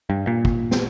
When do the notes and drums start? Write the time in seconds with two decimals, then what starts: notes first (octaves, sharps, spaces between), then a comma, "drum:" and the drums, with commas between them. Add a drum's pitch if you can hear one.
0.10 G2
0.27 A#2
0.45 drum: kick
0.71 drum: snare